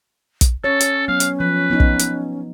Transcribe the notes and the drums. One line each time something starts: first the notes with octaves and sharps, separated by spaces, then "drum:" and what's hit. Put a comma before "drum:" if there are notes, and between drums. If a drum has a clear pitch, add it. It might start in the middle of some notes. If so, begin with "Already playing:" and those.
drum: kick, hi-hat
C#4 A4 C#5
drum: hi-hat
F#3 B3 F5
drum: hi-hat
F3 B4
B3 D#4
drum: kick
drum: hi-hat